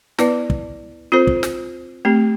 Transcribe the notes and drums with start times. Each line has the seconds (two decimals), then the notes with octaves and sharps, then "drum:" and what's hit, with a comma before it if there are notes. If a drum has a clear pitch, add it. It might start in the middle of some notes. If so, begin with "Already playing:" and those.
0.19 B3 E4 B4 D5, drum: snare
0.50 drum: kick
1.12 C4 F4 A4 C5
1.27 drum: kick
1.43 drum: snare
2.05 A3 C4 G4